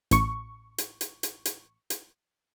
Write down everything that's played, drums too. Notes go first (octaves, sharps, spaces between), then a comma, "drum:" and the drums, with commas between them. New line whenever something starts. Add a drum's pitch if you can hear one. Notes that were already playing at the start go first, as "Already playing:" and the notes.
A1 C#6, drum: hi-hat
drum: hi-hat
drum: hi-hat
drum: hi-hat
drum: hi-hat
drum: hi-hat